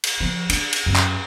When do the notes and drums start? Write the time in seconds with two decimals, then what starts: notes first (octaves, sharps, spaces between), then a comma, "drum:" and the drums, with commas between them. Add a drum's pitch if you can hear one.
0.04 drum: cymbal
0.20 F3
0.50 D4, drum: cymbal
0.73 drum: cymbal
0.86 F#2
0.96 drum: clap